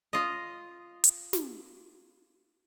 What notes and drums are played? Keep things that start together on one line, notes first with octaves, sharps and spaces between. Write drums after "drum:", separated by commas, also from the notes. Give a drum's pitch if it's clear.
F4 D#5
drum: hi-hat
drum: snare